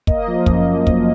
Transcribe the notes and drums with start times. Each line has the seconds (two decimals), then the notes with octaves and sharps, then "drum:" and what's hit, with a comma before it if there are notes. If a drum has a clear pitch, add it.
0.07 A#3 D#5, drum: kick
0.27 F3
0.46 F#2, drum: kick
0.87 drum: kick